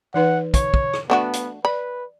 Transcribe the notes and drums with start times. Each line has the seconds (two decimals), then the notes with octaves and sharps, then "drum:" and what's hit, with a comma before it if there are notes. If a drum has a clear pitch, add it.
0.14 E3 D#4 B4 F#5
0.54 C#5, drum: kick, hi-hat
0.74 drum: kick
0.94 drum: rim click
1.10 A3 B3 D4 F#4 F#5
1.33 drum: hi-hat
1.65 B4 D5 B5